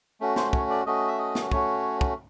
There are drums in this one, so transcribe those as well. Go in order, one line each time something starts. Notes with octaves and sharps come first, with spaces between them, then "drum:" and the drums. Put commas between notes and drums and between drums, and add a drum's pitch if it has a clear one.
A3 C#4 F#4
C5, drum: snare
C#5, drum: kick
D5
A3 C#4 F#4 D#5
E5
D#5
drum: snare
A3 C#4 F#4 C#5, drum: kick
drum: kick